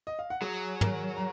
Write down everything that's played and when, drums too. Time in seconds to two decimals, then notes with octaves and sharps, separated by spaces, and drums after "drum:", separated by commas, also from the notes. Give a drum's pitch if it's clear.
0.07 D#5
0.19 F5
0.30 F#5
0.41 F#3 G#4 G#5
0.81 A#4 A#5, drum: tom
1.17 A#5